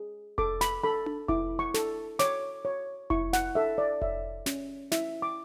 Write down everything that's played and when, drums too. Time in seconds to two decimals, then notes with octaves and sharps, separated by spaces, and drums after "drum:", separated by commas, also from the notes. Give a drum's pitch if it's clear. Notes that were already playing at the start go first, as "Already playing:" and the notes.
Already playing: G#4
0.38 A4 D6, drum: kick F1
0.61 B5, drum: snare
0.83 A4 B5
1.06 drum: tom D4
1.28 E4 D6, drum: kick F1
1.59 C#6
1.74 A4, drum: snare
2.19 C#5 D6, drum: snare
2.65 C#5
3.10 E4 C#6, drum: kick F1
3.33 F#5, drum: snare
3.55 A4 E5
3.78 D5
4.02 C#5 E5, drum: kick F1
4.46 C#4, drum: snare
4.92 E4 E5, drum: snare
5.22 D6